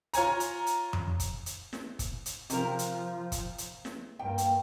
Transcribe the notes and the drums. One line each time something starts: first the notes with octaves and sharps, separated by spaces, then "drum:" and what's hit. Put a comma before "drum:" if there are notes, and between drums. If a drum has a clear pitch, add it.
F4 C#5 G#5 A#5, drum: hi-hat
drum: hi-hat
drum: hi-hat
drum: tom F2
drum: kick, hi-hat
drum: hi-hat
drum: snare
drum: kick, hi-hat
drum: hi-hat
C3 F3 A#4, drum: hi-hat
drum: hi-hat
drum: kick, hi-hat
drum: hi-hat
drum: snare
G2 A#3 G5
drum: hi-hat